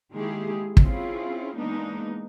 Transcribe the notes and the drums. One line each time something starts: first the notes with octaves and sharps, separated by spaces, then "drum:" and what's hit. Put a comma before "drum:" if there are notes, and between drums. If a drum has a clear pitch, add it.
D#3 G#3 A#3 E4 G4 G#4
C4 C#4 E4 F4 G#4, drum: kick
E3 G#3 A#3 B3 D4 D#4